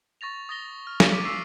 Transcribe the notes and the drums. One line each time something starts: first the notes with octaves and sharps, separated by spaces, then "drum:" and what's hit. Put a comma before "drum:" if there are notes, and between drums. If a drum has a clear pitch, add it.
C#6 A6 A#6 F7
D#6 A6 A#6 G7
F6
drum: snare
D6 B6 D7 D#7
C#6 E6 C7